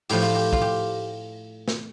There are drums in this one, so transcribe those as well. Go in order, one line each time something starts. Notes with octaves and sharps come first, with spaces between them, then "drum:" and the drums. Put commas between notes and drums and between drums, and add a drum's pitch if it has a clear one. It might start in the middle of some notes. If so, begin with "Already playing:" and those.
A2 F3 G4, drum: open hi-hat
F4
G4
F4, drum: kick
G4
drum: snare